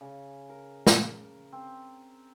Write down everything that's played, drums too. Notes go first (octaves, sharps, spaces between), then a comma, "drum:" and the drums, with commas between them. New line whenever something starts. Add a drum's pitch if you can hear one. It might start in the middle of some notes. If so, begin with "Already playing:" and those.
C#3
A#4
drum: snare
C4